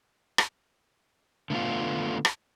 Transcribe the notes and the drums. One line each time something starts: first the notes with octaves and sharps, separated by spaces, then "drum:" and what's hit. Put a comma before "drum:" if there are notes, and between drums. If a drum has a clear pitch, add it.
drum: rim click
D3 A3 B3 F4
drum: rim click